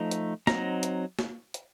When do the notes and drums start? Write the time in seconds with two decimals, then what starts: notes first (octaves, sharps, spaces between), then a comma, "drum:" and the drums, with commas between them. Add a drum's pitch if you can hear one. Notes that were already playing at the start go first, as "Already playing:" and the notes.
Already playing: F3 A3 D#4
0.11 drum: hi-hat
0.47 F#3 C4 D#4 A#5, drum: snare
0.83 drum: hi-hat
1.19 drum: snare
1.54 drum: hi-hat